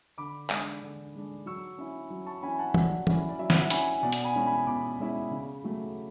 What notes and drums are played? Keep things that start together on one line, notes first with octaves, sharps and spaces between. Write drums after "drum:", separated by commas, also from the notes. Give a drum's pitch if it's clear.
D3 B5 D6
G#3 D4, drum: clap
D3
G#3 D4
F#3 C#6 E6
C#4 E4
F#3
A5 C#6
C#4 E4 G#5 B5
F#5 A5
F#3 D5 F#5, drum: tom E3
C#4 E4, drum: tom E3
D5
F#3 E5
F#5, drum: snare
E5
C#4 E4 G#5 B5, drum: hi-hat
G#5
B2 D5 F#5
drum: hi-hat
G#5 B5
G#3 C#4 E4
G#5 B5
B2 B5 D6
G#3 C#4 E4
C#3
F#3 A3